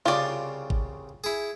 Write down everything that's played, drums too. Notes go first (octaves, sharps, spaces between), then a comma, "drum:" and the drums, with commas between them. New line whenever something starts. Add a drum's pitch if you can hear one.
C2 C#3 F4 D5 D#6
drum: kick G#1
E4 G#4